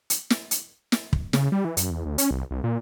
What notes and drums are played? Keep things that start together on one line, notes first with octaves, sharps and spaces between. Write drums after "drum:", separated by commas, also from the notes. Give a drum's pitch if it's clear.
drum: hi-hat
drum: snare
drum: hi-hat
drum: snare
drum: kick
C#3, drum: snare
G3
E3
F#2, drum: hi-hat
E2
D2
C#4, drum: hi-hat
C2
C2
A#2